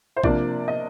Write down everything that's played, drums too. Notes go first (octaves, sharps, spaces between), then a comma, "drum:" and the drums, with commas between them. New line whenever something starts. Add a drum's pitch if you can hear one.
C5
C3 F3 A#3 D4 D5, drum: kick A#1
D#5